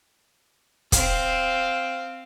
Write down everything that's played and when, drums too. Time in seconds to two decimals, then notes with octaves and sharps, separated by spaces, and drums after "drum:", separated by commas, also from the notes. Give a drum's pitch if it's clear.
0.92 C4 F5, drum: kick, hi-hat